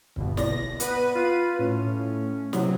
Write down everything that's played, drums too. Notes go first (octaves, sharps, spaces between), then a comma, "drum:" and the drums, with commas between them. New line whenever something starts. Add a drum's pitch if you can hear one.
G1 B2, drum: kick C#1
D5 A#6, drum: snare
B3 B4 D#7, drum: hi-hat
F4
A2 C#4
C3 F#3, drum: snare